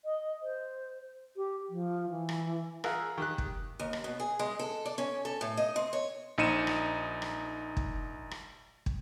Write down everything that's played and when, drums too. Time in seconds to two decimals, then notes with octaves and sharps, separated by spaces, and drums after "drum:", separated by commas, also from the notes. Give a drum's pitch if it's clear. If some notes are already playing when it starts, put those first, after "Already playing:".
0.05 D#5
0.43 C5
1.37 G4
1.69 F3
2.10 E3
2.29 drum: rim click
2.84 F4 G#4 A#4 E5 F#5, drum: rim click
3.18 D#3 G4 F#6
3.38 drum: kick
3.80 D#2
3.93 drum: rim click
4.04 B2
4.20 G#4
4.39 G#3
4.59 A4
4.86 D5
4.98 C#4
5.25 A4
5.41 A2
5.57 D#5
5.76 C4
5.93 C#5
6.38 A#1 D#4 C#7 D#7 E7
6.67 drum: rim click
7.22 drum: rim click
7.77 drum: kick
8.31 drum: rim click
8.86 drum: kick